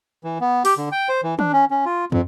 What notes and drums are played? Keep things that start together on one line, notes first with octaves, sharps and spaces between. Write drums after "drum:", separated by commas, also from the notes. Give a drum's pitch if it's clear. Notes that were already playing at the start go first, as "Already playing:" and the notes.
E3
B3
G4, drum: open hi-hat
D3
G5
C5
E3
D4, drum: tom
C#4
C#4
F4
F2, drum: tom